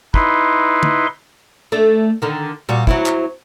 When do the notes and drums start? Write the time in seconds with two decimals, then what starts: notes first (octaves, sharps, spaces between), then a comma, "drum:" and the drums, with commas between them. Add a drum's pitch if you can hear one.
0.14 D#4 E4 B4 C6, drum: kick
0.83 drum: tom
1.72 A3 D4
2.22 D3 D#3
2.69 A#2 G3 F#4
2.87 F#3 C4 E4, drum: kick
3.06 drum: clap